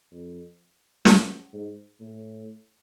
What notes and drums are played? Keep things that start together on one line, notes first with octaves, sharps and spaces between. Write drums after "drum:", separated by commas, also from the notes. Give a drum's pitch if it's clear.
F2
F#2, drum: snare
G#2
A2